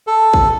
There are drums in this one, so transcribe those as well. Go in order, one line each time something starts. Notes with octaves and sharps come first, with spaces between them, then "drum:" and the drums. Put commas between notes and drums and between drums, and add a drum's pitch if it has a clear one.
A4
drum: kick